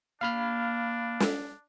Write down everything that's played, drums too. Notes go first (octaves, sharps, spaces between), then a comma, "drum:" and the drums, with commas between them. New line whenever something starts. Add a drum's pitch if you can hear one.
A#3 D4 F5 B5 F6
drum: snare